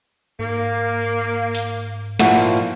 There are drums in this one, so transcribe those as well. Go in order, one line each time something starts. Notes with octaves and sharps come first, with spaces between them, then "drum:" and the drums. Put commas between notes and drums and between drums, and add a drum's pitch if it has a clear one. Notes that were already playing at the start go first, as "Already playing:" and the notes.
G#2 A#3
drum: hi-hat
A#2 F3 A#3 E4 F#4 F#5, drum: snare